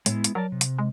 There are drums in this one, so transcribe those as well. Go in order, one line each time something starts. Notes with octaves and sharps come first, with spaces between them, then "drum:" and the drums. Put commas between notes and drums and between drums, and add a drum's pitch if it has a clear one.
A2 G#3 B3 E4, drum: hi-hat
drum: hi-hat
F#3 A#4 D5 A5
C3
drum: hi-hat
G#3